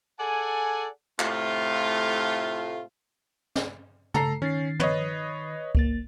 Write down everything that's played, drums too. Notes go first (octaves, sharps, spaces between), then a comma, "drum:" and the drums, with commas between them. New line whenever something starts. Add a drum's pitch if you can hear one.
G#4 A4 D5 F#5 G#5
A2 C3 A3 F4, drum: clap
drum: snare
A4 A#5 C7, drum: tom
D#3 C#4 A6 C7
B4 C#5 D#5, drum: tom
G1 A#3 A6, drum: kick C#2